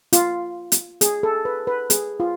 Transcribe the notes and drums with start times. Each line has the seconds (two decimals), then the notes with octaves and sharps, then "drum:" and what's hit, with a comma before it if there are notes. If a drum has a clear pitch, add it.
0.13 F4, drum: hi-hat
0.72 drum: hi-hat
1.01 G#4, drum: hi-hat
1.23 A4
1.45 B4
1.67 B4
1.90 G#4, drum: hi-hat
2.20 F4